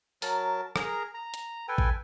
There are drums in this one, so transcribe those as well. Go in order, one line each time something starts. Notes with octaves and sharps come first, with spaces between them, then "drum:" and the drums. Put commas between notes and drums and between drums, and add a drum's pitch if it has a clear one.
F#3 A#4 A5, drum: open hi-hat
G#4 A#4 A#5, drum: rim click
A#5
drum: hi-hat
A4 B4 G5 G#5
drum: kick A1